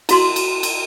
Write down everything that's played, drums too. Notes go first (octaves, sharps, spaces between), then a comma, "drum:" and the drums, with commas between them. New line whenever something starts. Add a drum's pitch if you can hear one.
E4 F#4 C6, drum: cymbal
drum: cymbal
drum: cymbal